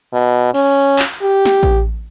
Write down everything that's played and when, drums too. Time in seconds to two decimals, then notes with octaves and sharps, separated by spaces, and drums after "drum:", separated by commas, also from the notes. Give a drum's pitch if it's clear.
0.14 B2
0.54 C#4, drum: cymbal
0.99 drum: clap
1.22 G4
1.45 drum: snare
1.63 drum: kick A1